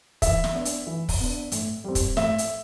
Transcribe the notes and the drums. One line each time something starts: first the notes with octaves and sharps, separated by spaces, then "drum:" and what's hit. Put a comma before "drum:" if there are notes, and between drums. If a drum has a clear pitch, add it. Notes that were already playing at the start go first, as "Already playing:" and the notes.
E3 E5, drum: kick, hi-hat
drum: snare
B3 D4
drum: hi-hat
E3
drum: kick, open hi-hat
B3 D4
A2, drum: hi-hat
G3 C4
drum: kick, hi-hat
A2 E5, drum: snare
drum: hi-hat